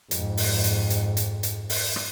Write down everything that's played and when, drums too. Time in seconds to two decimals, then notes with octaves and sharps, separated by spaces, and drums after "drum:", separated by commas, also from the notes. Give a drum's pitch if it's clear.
0.11 F2 G#2, drum: hi-hat
0.37 drum: open hi-hat
0.64 drum: hi-hat
0.90 drum: hi-hat
1.17 drum: hi-hat
1.43 drum: hi-hat
1.70 drum: open hi-hat
1.96 drum: rim click